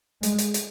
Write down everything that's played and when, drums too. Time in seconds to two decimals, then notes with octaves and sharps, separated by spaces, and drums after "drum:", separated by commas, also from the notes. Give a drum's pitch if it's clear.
0.23 G#3, drum: hi-hat
0.38 drum: hi-hat
0.54 drum: hi-hat